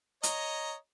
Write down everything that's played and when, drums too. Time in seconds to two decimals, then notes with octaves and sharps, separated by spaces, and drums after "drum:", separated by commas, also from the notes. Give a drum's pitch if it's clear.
0.23 C#5 D#5 A#5, drum: hi-hat